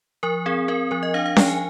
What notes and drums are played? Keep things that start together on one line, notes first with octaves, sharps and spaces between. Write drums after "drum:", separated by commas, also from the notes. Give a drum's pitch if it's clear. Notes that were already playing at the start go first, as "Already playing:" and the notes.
F3 A#4
C4 G#4
C4 A#4
F3 A#4
D#5
D4 F5
F5
F3 G5, drum: snare C#4
G#5